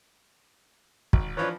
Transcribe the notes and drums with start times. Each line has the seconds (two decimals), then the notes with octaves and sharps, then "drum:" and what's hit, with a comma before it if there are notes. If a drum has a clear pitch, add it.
1.13 G#1, drum: kick
1.37 E3 F3 D4 B4 C#5